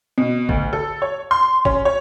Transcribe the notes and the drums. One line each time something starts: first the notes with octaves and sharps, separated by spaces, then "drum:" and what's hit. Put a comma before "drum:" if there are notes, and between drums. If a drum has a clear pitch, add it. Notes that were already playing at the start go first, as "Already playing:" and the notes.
B2
D2, drum: kick
A4
C#5
C6
C#4, drum: kick
C#5